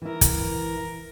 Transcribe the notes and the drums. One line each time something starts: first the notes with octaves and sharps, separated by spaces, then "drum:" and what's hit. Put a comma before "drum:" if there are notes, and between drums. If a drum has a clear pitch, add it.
E3 E4 A#4
drum: kick, hi-hat